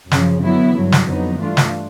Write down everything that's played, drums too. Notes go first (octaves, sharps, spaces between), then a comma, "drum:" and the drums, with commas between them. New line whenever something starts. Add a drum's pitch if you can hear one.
F#2 C#3 F3, drum: snare
D3 F#3 B3 E4
G2 D3 F#3
drum: snare
F2 D3 F#3 B3 D#4
G2 E3 A3 D4 F4
drum: snare